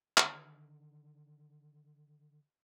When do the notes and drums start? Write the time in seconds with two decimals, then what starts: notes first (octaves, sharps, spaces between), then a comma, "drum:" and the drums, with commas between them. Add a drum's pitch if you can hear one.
0.17 D3 D#3, drum: clap